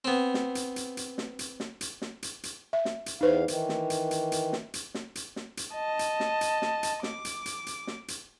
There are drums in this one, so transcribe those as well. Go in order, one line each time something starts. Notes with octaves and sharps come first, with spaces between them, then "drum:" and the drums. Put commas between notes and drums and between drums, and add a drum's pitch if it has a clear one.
B3 C4
drum: snare
drum: hi-hat
drum: hi-hat
drum: hi-hat
drum: snare
drum: hi-hat
drum: snare
drum: hi-hat
drum: snare
drum: hi-hat
drum: hi-hat
E5
drum: snare
drum: hi-hat
E2 E3 D#4 B4 C5 F5
D#3 E3, drum: hi-hat
drum: snare
drum: hi-hat
drum: hi-hat
drum: hi-hat
drum: snare
drum: hi-hat
drum: snare
drum: hi-hat
drum: snare
drum: hi-hat
D#5 A5
drum: hi-hat
drum: snare
drum: hi-hat
drum: snare
drum: hi-hat
D6, drum: snare
drum: hi-hat
drum: hi-hat
drum: hi-hat
drum: snare
drum: hi-hat